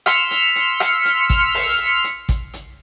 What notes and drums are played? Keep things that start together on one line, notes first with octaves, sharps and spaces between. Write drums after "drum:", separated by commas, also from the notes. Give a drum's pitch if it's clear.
C6 E6 F6 B6 C#7, drum: rim click
drum: hi-hat
drum: hi-hat
drum: rim click
drum: hi-hat
drum: kick, hi-hat
drum: open hi-hat
drum: hi-hat
drum: kick, hi-hat
drum: hi-hat